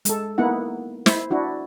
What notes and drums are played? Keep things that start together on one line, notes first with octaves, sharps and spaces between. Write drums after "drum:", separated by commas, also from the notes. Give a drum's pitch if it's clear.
G#3 A4, drum: hi-hat
A#3 B3 D#4 E4 F#5
E4 C5 E5, drum: snare
D4 E4 F#4